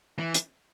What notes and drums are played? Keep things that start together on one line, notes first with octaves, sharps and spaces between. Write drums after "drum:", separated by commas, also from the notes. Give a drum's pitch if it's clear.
E3
drum: hi-hat